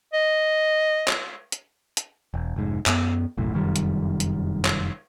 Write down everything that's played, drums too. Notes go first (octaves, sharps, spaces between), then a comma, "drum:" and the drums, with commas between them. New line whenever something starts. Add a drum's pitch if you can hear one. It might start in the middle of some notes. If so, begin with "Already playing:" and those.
D#5
drum: clap
drum: hi-hat
drum: hi-hat
E1
F1 G#2
F#2 B3, drum: clap
F#1 B1 A2
F1 F#2 D#3 G3
drum: hi-hat
drum: hi-hat
drum: clap